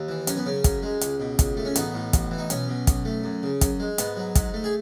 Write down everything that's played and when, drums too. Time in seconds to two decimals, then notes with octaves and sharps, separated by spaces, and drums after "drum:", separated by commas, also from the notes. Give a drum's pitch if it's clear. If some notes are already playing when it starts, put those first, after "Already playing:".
Already playing: D#2
0.09 E3
0.27 F#2 C#4, drum: hi-hat
0.37 B3
0.46 C#3 C#4
0.64 F#2, drum: kick, hi-hat
0.83 G#3
1.01 C#2, drum: hi-hat
1.20 B2
1.39 C#2, drum: kick, hi-hat
1.57 A3
1.65 C#4
1.76 A1 B3 D#4, drum: hi-hat
1.94 A2
2.13 A1, drum: kick, hi-hat
2.31 E3
2.38 D#4
2.50 B1 C#4, drum: hi-hat
2.68 B2
2.87 B1, drum: kick, hi-hat
3.05 A3
3.24 F#2
3.43 C#3
3.61 F#2, drum: kick, hi-hat
3.80 G#3
3.98 G#2 B3, drum: hi-hat
4.17 F#3
4.35 G#2, drum: kick, hi-hat
4.54 A3
4.64 G#4